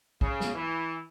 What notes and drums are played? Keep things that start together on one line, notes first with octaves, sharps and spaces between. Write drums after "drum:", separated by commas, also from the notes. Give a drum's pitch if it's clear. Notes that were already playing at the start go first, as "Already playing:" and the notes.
C#3, drum: kick
drum: snare
E3